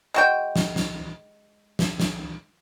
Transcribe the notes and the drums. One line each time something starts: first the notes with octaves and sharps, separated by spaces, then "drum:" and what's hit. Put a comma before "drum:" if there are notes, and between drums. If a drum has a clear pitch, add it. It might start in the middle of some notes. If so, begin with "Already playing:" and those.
G#3 F#4 G5
drum: snare
drum: snare
drum: snare
drum: snare